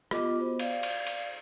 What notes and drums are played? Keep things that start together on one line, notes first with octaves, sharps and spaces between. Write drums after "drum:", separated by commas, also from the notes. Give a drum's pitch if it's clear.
B3 F4 G4 D#5 D6, drum: rim click
B3 F#4 C5
D5 F5, drum: cymbal
drum: cymbal
drum: cymbal